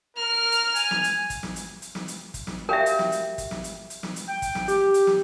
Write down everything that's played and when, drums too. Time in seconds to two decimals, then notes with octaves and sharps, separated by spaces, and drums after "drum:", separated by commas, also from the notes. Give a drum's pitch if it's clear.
0.17 A#4 F6
0.52 drum: hi-hat
0.75 G#5, drum: hi-hat
0.91 drum: snare
1.04 drum: hi-hat
1.30 drum: kick, hi-hat
1.43 drum: snare
1.56 drum: hi-hat
1.82 drum: hi-hat
1.95 drum: snare
2.08 drum: hi-hat
2.34 drum: kick, hi-hat
2.47 drum: snare
2.69 F#4 G4 A#4 E5 F5
2.86 drum: hi-hat
2.99 drum: snare
3.12 drum: hi-hat
3.38 drum: kick, hi-hat
3.51 drum: snare
3.64 drum: hi-hat
3.90 drum: hi-hat
4.03 drum: snare
4.16 drum: hi-hat
4.28 G5
4.42 drum: kick, hi-hat
4.55 drum: snare
4.68 G4, drum: hi-hat
4.94 drum: hi-hat
5.07 drum: snare